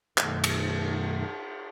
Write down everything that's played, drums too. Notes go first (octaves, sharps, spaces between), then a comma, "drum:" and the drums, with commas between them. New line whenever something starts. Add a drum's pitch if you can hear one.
F#2 B2 D#3 A3, drum: clap
drum: cymbal